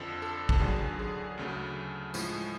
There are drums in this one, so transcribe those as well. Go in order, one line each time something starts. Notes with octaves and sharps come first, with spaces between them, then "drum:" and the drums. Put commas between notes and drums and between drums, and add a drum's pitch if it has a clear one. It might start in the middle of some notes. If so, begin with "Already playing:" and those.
Already playing: F2 D3 F3 A4
A4
drum: kick
D#2 D3 F#3 G#4
G#4
D2 C#3 F#3 A3
A2 F3 G#3, drum: tambourine